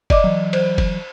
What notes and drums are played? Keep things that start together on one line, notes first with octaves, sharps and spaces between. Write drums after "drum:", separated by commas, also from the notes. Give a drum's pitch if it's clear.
D5 D#5 D6, drum: kick F#1, cymbal
E3 F#3
C5, drum: cymbal
drum: kick F#1, cymbal